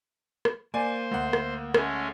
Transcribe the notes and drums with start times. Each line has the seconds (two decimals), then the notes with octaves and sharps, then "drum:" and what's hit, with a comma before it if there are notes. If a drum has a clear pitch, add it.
0.45 drum: rim click
0.74 A#3 C5 D5 G#5
1.11 D2 F#5
1.33 drum: rim click
1.74 G#3 A3 C#4, drum: rim click